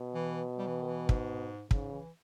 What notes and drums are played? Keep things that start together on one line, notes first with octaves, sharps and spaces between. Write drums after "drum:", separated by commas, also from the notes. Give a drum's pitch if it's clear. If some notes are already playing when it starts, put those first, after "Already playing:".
Already playing: B2
E3
G3
E3
D#3
E3
G#2, drum: kick
G#2 C#3, drum: kick
E3